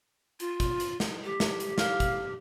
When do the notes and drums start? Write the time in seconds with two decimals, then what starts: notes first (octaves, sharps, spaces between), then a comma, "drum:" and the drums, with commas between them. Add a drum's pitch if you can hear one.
0.40 F4, drum: hi-hat
0.60 drum: kick, hi-hat
0.80 drum: hi-hat
1.00 drum: snare
1.24 G4
1.40 drum: snare
1.60 drum: hi-hat
1.78 F5, drum: snare
2.00 drum: kick, hi-hat